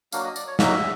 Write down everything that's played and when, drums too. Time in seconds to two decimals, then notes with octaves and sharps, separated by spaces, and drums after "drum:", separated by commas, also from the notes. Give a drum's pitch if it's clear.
0.12 F#3 A#3 D4 F#4 F5, drum: tambourine
0.24 D#5
0.36 D5, drum: tambourine
0.47 C#5
0.59 F#3 A#3 D#4 F#4 E5, drum: snare